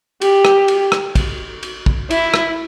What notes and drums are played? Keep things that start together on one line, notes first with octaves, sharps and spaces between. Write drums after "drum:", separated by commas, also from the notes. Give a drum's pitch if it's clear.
G4, drum: cymbal
drum: rim click
drum: cymbal
drum: rim click
drum: kick, cymbal
drum: cymbal
drum: kick
E4, drum: cymbal
drum: rim click